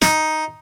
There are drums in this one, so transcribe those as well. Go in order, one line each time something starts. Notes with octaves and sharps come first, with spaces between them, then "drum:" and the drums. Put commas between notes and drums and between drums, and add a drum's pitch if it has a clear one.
D#4, drum: snare